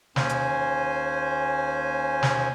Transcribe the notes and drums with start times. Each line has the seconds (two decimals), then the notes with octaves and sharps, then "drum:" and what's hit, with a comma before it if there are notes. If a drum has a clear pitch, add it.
0.16 D#2 C#4 C5 G#5, drum: snare
0.29 drum: hi-hat
2.23 drum: snare